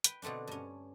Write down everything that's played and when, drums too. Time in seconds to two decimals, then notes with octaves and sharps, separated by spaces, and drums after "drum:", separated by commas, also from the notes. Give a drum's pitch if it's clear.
0.04 B4 G5, drum: hi-hat
0.22 B2 D3 A3 C4 D4
0.47 G2 C#4